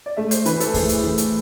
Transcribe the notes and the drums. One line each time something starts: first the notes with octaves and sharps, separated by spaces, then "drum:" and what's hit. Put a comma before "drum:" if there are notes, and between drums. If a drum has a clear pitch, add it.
D5
A3 E5
C5, drum: hi-hat
E3 B4, drum: hi-hat
A4, drum: hi-hat
A2 G#4, drum: kick E2, open hi-hat
drum: hi-hat
E3
drum: hi-hat